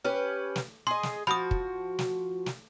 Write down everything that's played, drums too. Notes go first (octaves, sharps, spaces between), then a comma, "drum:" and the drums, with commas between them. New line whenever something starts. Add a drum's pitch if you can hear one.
C#4 G4 B4
drum: snare
G#4 D#5 C6
drum: snare
F3 F#4 B5 D#6
drum: kick
drum: snare
drum: snare